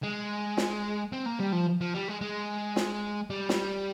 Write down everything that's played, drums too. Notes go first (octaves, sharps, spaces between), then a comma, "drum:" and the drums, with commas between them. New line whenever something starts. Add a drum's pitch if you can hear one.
G#3
drum: snare
C4
A#3
G3
F3
F3
G3
G#3
G#3
drum: snare
G3
drum: snare